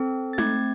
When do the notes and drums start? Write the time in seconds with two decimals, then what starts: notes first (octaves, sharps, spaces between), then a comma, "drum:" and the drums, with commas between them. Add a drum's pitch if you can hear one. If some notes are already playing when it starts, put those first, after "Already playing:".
Already playing: C4 A4
0.33 A6
0.38 A3 G#6, drum: tom D#4